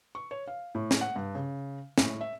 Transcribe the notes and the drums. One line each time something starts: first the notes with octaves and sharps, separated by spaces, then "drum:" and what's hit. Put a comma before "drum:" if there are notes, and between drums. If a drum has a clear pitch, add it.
C#6
C#5
F5
A2
drum: snare
F#5
G2
C#3
A2, drum: snare
E5